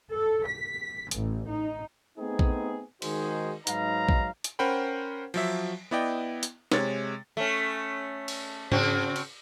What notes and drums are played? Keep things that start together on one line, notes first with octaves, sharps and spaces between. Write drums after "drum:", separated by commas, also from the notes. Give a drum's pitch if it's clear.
A4
B6
A1, drum: hi-hat
D#4
A3 B3 C4 D#4 G#4
drum: kick A#1
D#3 G#3 D#4 F#4 G#4 C5, drum: cymbal
G#2 F#3 D#4 B4 F5 A#5, drum: hi-hat
drum: kick A#1
drum: hi-hat
C#4 A#4 C5 F#5 G5 B5
F3 F#3 E5, drum: cymbal
B3 E4 D5 D#5 G5
drum: hi-hat
C3 G#3 C#5 A6, drum: snare
A3 C#4
drum: cymbal
C#3 C4 F#4, drum: tom G#2
drum: cymbal